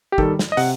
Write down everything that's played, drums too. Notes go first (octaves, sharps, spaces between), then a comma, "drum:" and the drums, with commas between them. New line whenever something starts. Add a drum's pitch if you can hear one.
G4
D#3 G3 A4, drum: kick
drum: snare
D#5
C3 F#5, drum: open hi-hat